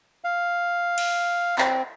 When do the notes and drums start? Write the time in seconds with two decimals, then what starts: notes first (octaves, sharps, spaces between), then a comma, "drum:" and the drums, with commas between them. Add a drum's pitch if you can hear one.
0.24 F5
0.98 drum: cymbal
1.58 C4, drum: clap